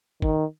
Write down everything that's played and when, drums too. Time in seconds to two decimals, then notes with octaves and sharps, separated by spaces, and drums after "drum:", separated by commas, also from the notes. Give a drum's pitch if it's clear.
0.22 D#3, drum: kick